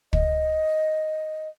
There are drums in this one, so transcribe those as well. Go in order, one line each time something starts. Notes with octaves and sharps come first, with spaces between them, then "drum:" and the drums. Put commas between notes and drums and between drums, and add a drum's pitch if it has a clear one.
D#5, drum: kick